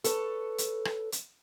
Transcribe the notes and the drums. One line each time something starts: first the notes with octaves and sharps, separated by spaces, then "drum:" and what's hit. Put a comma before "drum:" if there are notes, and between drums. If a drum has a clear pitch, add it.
A4 B4 C#5, drum: hi-hat
drum: hi-hat
drum: rim click
drum: hi-hat